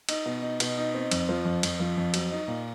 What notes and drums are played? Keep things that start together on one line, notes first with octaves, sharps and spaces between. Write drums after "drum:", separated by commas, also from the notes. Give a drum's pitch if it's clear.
D#4, drum: cymbal
B2
D#4
B2, drum: cymbal
D#4
C4
F2, drum: cymbal
F3
F2
F2, drum: cymbal
F3
F2
F#3, drum: cymbal
D#4
A#2